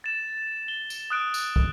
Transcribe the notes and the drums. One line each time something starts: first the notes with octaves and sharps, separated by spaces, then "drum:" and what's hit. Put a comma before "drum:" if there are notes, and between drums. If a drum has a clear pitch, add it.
A6 E7
G7
drum: tambourine
D#6 F#6 D7
drum: tambourine
drum: kick